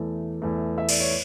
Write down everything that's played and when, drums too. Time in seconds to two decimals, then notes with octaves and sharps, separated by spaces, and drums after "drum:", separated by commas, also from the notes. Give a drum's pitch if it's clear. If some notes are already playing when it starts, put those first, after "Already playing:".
Already playing: E2 E3 A3
0.42 E2 E3 A3
0.78 E5
0.89 D5, drum: cymbal
1.00 C#5